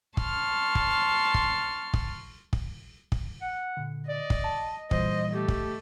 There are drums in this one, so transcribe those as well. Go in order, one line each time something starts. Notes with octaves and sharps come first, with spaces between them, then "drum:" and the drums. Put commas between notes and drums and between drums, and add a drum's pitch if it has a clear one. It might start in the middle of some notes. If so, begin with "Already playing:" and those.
A5 C6 C#6 F6, drum: kick
drum: kick
drum: kick
drum: kick
drum: kick
drum: kick
F#5
A#2 D3
D5 D#5
drum: kick
A5
A#2 E3 G3 C5 D#5, drum: kick
A3 G4
drum: kick